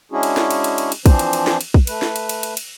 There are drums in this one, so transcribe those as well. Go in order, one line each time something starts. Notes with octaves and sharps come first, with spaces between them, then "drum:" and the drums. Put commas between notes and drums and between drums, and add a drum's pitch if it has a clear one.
G#3 C#4 D4 E4 F#4 G#4
drum: cymbal
drum: snare
drum: cymbal
drum: cymbal
drum: cymbal
drum: cymbal
E3 F3 C4 D4 C5, drum: kick, cymbal
drum: cymbal
drum: cymbal
drum: snare
drum: cymbal
drum: kick
A3 B4, drum: cymbal
drum: snare
drum: cymbal
drum: cymbal
drum: cymbal
drum: cymbal